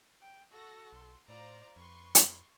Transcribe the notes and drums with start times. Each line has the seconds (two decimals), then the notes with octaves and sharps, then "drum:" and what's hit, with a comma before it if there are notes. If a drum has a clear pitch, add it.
0.22 G5
0.52 F#4 A4 A#6
0.93 B1 C6
1.28 A2 F4 C5 D5 A#5
1.76 F2 B4 C6 C#6
2.15 drum: hi-hat